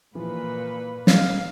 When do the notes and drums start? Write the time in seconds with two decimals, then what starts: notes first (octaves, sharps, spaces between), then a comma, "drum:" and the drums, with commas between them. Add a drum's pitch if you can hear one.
0.15 A#2 E3 F3 B4
1.07 G#3 D#4 F5, drum: snare